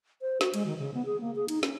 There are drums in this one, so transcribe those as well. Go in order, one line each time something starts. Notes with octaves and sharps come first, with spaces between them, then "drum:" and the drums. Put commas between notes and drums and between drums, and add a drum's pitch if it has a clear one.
C5
F#4, drum: snare
G#3, drum: cymbal
D#3
C#3
B3
G#4
A#3
G#4
D#4, drum: cymbal
C#4, drum: snare